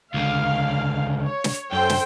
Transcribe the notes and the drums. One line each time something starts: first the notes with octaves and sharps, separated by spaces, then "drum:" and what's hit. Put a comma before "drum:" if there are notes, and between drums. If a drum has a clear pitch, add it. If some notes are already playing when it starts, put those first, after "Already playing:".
C#2 D3 F5
C#5
drum: snare
F#2 A4 C5 G5
drum: snare